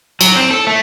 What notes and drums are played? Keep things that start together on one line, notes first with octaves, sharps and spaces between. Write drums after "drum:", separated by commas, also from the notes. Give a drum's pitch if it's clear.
F#3, drum: cymbal
C4
A4
A3